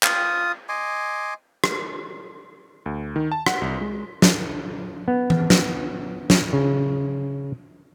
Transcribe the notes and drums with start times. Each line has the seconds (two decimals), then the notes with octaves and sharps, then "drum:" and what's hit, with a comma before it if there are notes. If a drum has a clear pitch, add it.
0.03 F4 D#6, drum: clap
0.69 D#5 G#5 C6 D6
1.64 drum: rim click
2.86 D2
3.16 D#3
3.32 A5
3.46 F#5, drum: rim click
3.61 C2
3.81 G#3
4.22 drum: snare
5.08 B3
5.30 drum: tom E3
5.50 drum: snare
6.30 drum: snare
6.53 C#3